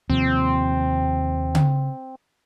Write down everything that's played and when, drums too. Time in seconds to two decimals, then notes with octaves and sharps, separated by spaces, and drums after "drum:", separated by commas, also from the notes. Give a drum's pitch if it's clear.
0.10 D#2 C3 F3 C4
1.55 drum: tom C#3